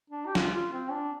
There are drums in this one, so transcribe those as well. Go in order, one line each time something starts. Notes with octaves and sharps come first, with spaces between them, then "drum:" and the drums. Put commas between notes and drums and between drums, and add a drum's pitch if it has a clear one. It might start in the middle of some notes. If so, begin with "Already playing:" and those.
D4
G4
F4, drum: snare
F4
C4
D4